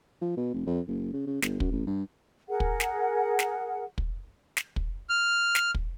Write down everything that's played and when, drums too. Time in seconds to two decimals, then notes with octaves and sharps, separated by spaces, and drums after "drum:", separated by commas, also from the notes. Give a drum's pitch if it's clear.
0.22 F3
0.37 B2
0.54 F1
0.67 F2
0.88 F#1
1.13 C#3
1.27 C#3
1.42 G1, drum: snare
1.60 F#2, drum: kick
1.72 A1
1.87 G2
2.49 G#4 A#4 F#5
2.60 drum: kick
2.80 drum: snare
3.39 drum: snare
3.98 drum: kick
4.57 drum: snare
4.76 drum: kick
5.09 F6
5.55 drum: snare
5.75 drum: kick